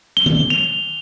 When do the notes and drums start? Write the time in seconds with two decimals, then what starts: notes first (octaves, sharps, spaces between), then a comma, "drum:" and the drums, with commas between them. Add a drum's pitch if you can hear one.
0.17 G7
0.26 drum: tom
0.50 F7